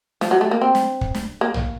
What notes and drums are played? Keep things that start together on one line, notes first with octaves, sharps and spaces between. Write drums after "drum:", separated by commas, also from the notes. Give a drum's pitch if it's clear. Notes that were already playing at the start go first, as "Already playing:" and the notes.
F3, drum: snare
F#3
A3
A#3
C4
drum: snare
drum: kick
drum: snare
A#3
drum: tom A#1